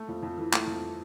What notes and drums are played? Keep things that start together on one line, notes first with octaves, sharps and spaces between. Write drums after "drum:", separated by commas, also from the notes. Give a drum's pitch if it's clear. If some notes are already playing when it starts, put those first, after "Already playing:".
Already playing: A3
F2
F2
E3
A3, drum: clap
F2